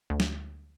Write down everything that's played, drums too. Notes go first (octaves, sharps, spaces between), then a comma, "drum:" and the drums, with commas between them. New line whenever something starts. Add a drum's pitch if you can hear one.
D2
drum: snare